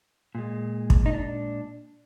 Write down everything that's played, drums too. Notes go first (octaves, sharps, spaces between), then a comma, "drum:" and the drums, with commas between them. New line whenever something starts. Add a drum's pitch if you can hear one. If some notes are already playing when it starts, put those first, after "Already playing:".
A#2 G#3
drum: kick
D#4
D4